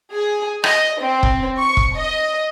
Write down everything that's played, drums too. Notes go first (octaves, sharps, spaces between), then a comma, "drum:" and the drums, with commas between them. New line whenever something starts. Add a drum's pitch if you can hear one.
G#4
D#5, drum: rim click
C4
drum: kick
C#6
drum: kick
D#5